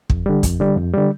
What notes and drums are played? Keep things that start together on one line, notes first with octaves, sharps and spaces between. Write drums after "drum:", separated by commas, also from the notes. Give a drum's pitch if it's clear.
F2, drum: kick
D3 G3
F2, drum: kick, hi-hat
D3 G3
F2
D3 G3